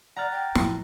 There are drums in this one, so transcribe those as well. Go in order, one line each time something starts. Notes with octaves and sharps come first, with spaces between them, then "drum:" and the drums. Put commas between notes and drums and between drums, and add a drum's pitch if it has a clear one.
D5 F#5 A#5 F6 F#6 A6
G5
A2 F3 F#3, drum: snare